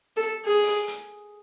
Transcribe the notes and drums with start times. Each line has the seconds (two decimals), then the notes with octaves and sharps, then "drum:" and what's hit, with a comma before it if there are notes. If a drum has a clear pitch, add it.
0.17 A4
0.46 G#4
0.63 drum: open hi-hat
0.88 drum: hi-hat